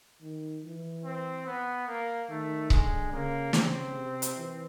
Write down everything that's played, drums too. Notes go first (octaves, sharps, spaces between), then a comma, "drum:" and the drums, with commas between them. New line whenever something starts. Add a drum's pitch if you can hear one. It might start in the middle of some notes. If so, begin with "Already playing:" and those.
D#3
E3
C4
B3
A#3
D#3 A3
D3 G#3, drum: kick C#1
C#3 A#3
C#3 C4, drum: snare
C3
drum: hi-hat
E3